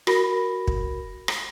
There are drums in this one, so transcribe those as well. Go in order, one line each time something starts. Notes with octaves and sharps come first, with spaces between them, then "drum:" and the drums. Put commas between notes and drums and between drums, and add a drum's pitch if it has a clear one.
F#4 A#4 B5 A#6, drum: rim click
drum: kick
drum: rim click